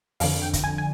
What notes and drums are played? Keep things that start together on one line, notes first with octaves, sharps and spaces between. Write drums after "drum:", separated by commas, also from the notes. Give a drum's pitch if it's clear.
F2 D3 F5, drum: open hi-hat
G5
drum: kick, hi-hat
G#5
G#5